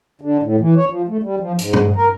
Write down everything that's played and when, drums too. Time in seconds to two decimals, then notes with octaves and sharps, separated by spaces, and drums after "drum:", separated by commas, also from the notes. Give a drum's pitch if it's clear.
0.21 D3
0.43 A2
0.60 E3
0.77 C#5
0.89 F3
1.08 A3
1.23 G3
1.40 F3
1.59 G#2, drum: hi-hat
1.73 drum: tom G2
1.96 A#4